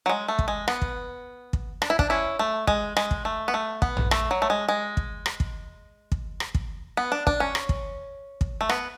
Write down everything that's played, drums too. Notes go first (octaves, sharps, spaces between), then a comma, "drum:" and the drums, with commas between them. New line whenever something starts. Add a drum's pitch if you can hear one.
F#3
G#3
A3
drum: kick
G#3
B3, drum: rim click
drum: kick
drum: kick
D4, drum: rim click
E4
D4, drum: kick
C#4 E4
A3
G#3, drum: kick
G#3, drum: rim click
drum: kick
A3
B3
A3
B3, drum: kick
drum: tom A#1
A3, drum: rim click
F#3
A3
G#3
G#3
drum: kick
drum: rim click
drum: kick
drum: kick
drum: rim click
drum: kick
B3
D4
D4, drum: kick
C#4
drum: rim click
drum: kick
drum: kick
A3
B3, drum: rim click